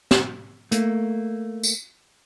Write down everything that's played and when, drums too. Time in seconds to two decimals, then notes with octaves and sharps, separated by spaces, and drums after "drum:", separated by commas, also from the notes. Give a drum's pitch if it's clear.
0.11 drum: snare
0.71 A3 A#3, drum: hi-hat
1.63 drum: tambourine